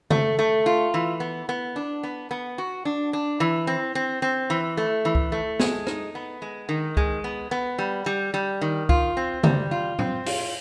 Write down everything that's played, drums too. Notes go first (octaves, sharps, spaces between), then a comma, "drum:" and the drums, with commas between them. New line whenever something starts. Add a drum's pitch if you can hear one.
A3, drum: tom C#3
A3
F4
E3
B3
B3
D4
B3
B3
F#4
D4
D4
E3
C4
C4
C4
E3
A3
E3
drum: kick
A3
G#3, drum: snare B3
D#4, drum: rim click
B3
G#3
D#3
G#3, drum: kick
B3
B3
G3
G3
G3
D#3
F4, drum: kick
C4
G3, drum: tom C#3
F4
C4, drum: tom A2
F4, drum: open hi-hat